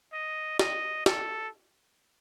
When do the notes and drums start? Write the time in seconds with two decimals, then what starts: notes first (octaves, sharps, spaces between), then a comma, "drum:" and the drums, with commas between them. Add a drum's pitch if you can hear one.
0.13 D#5
0.59 D#5, drum: snare
1.06 A4, drum: snare